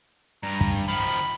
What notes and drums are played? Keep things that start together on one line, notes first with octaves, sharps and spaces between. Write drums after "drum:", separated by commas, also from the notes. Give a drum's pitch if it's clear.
G2 A#5
drum: kick
D#3 F3 B5